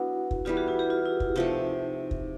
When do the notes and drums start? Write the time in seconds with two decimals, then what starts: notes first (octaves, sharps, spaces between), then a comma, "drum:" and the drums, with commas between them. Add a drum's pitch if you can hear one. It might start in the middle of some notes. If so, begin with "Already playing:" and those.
Already playing: F#3 B3 D4 E4 F#4
0.31 drum: kick
0.45 E3 G3 B3 F4 G4
0.57 F#4 G#4
0.68 E4 F#4
0.79 F4 G4
0.90 F4 G4
1.06 E4
1.20 F4, drum: kick
1.36 C3 F3 A3 D#4
2.11 drum: kick